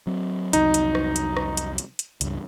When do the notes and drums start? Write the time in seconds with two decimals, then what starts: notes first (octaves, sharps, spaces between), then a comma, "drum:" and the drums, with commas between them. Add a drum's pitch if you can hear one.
0.07 F#3 C4
0.53 C2 F2 F#3 D#4, drum: hi-hat
0.74 drum: hi-hat
0.95 drum: rim click
1.16 drum: hi-hat
1.37 drum: rim click
1.57 drum: hi-hat
1.78 drum: hi-hat
1.99 drum: hi-hat
2.21 C#2 G2, drum: hi-hat